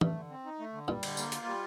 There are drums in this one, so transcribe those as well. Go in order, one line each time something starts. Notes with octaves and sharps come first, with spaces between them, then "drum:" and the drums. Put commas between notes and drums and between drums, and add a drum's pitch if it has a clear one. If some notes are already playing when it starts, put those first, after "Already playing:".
G2 A3, drum: tom E3
D3
C4
D#4
A3
D3
G2 A#2 G3
D3, drum: cymbal
A#3, drum: tambourine
F4, drum: hi-hat
G3